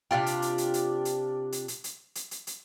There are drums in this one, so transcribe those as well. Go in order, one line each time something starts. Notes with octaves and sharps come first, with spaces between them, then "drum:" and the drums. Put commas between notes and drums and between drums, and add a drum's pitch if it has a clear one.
C3 D4 F4 G4
drum: hi-hat
drum: hi-hat
drum: hi-hat
drum: hi-hat
drum: hi-hat
drum: hi-hat
drum: hi-hat
drum: hi-hat
drum: hi-hat
drum: hi-hat
drum: hi-hat